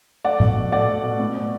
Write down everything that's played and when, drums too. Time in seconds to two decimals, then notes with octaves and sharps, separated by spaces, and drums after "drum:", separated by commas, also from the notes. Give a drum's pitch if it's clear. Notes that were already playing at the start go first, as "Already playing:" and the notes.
0.24 A3 D5 F#5
0.40 B2, drum: tom A2
0.56 B2
0.72 A3 D5 F#5
0.88 A3
1.03 B2
1.19 A2
1.36 B3